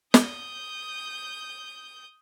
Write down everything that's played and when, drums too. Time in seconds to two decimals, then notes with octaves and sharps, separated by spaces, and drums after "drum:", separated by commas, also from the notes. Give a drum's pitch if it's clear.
0.14 D#6 G6, drum: snare